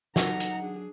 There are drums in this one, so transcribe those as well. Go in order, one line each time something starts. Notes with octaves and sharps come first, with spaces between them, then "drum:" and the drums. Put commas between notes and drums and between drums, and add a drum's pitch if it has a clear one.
F#3 D#4 A4 F#5 A#5, drum: snare
drum: hi-hat
D4 G#4